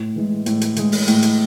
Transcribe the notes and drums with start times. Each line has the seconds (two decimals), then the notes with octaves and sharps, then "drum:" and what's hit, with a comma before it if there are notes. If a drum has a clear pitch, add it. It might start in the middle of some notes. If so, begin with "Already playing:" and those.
Already playing: A2
0.16 E3 G#3
0.46 A2, drum: hi-hat
0.61 drum: hi-hat
0.76 E3 G#3, drum: hi-hat
0.92 drum: open hi-hat
1.08 A2, drum: hi-hat
1.23 drum: hi-hat